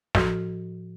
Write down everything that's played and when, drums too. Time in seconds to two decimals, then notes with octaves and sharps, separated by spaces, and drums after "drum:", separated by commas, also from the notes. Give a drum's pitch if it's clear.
0.15 A2 F3 F#4 A4 C6 F6, drum: snare